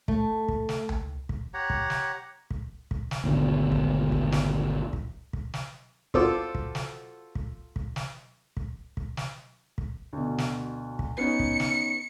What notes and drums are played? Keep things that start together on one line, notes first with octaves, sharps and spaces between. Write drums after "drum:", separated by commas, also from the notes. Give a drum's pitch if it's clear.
A3, drum: kick
drum: kick
drum: snare
drum: tom C#2
drum: kick
G4 C#5 F#5 A#5
drum: kick
drum: snare
drum: kick
drum: kick
drum: snare
G#1 D2 B2 D3
drum: kick
drum: kick
drum: snare
drum: kick
drum: kick
drum: snare
F4 F#4 A4 C5 D6, drum: kick
drum: kick
drum: snare
drum: kick
drum: kick
drum: snare
drum: kick
drum: kick
drum: snare
drum: kick
D2 B2
drum: snare
drum: kick
B3 C#4 D#4 C#7
drum: kick
drum: snare